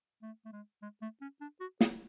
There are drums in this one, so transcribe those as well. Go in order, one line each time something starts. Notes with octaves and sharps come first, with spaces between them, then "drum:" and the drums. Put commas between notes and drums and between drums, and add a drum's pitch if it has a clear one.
A3
A3
G#3
G#3
A3
C#4
D4
F#4
G#4, drum: snare